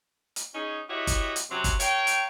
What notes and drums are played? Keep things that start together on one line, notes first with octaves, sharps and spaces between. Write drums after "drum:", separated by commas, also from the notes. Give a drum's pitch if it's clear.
drum: hi-hat
C#4 D#4 G#4
E4 F#4 G4 C#5 D#5 E5
drum: kick G1, hi-hat
drum: hi-hat
C3 F#3 C4 C#4
drum: kick G1, hi-hat
A#4 C#5 F5 G5, drum: hi-hat
drum: hi-hat